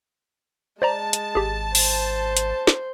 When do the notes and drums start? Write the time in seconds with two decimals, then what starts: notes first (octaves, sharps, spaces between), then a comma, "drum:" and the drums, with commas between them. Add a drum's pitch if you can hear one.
0.82 G#3 C5 D5 A5 A#5
1.13 drum: hi-hat
1.35 G#1 G4 G#4
1.75 C5, drum: open hi-hat
2.37 drum: hi-hat
2.67 drum: snare